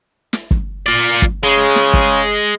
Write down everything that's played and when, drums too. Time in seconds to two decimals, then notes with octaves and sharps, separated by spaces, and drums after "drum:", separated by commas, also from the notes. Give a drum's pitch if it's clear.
0.33 drum: snare
0.51 drum: kick
0.86 F4 D5
1.22 drum: kick
1.44 C#3 G#3
1.76 drum: snare
1.94 drum: kick